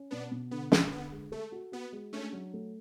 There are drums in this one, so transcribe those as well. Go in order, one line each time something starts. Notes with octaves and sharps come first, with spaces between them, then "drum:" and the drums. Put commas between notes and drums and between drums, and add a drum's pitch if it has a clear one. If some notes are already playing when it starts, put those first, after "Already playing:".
Already playing: C#4
B2 B3 D4
B2
D3 B3
D3, drum: snare
D3 B3
G#3
A3 A4
F#4
B3 F#4
G#3
A3 C#4 D4
F#3
A3